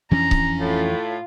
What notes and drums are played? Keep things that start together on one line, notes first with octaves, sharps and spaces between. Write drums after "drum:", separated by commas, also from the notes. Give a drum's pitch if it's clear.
F2 E3 C#4 D4 A#5
drum: kick C#1
A2 F4